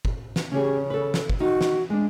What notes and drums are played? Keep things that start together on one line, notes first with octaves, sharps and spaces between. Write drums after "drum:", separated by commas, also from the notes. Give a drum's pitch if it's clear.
drum: kick
drum: snare
C#3 C#4 G4 G#4
A4 B4
drum: snare
drum: kick
D#3 D#4 F#4
drum: snare
G#3 D4